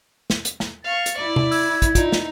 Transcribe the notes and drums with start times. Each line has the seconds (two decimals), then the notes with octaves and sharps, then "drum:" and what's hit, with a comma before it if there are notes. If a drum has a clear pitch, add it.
0.30 drum: snare
0.45 drum: hi-hat
0.60 drum: snare
0.84 F5 C#6 A6
1.06 drum: hi-hat
1.17 E4 D5
1.36 drum: tom
1.51 E6 G#6, drum: open hi-hat
1.82 drum: kick, hi-hat
1.95 D#4 F4 D5, drum: kick, hi-hat
2.12 drum: snare